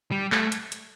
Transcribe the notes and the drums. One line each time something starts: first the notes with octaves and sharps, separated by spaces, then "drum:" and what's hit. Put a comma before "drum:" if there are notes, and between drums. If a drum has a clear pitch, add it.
G3
A3, drum: clap
drum: hi-hat
drum: hi-hat